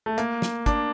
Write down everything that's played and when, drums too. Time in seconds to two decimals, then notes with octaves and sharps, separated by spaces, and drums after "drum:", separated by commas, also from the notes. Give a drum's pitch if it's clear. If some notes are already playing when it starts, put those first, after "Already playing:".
0.06 A3
0.18 A#3, drum: hi-hat
0.42 drum: snare
0.66 D4, drum: kick, hi-hat